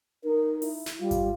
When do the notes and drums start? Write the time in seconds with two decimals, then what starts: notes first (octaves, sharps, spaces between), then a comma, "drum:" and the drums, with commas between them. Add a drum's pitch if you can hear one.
0.24 D#4 A#4
0.62 E4, drum: open hi-hat
0.86 drum: snare
1.00 G3 F4
1.11 drum: kick G#1, hi-hat